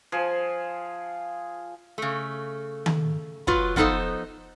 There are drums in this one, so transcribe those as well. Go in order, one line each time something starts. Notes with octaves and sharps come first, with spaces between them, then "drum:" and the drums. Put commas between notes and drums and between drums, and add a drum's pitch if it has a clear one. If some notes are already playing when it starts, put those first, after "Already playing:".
F3 G#4
C#3 A3
drum: tom D#3
F#3 F4 B4, drum: kick
F3 B3 D#4 A4 C5 D#5, drum: kick